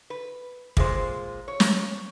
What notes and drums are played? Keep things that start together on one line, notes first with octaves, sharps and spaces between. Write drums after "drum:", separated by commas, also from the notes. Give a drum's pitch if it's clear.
B4
A#2 G#3 C5, drum: kick
C#5
drum: snare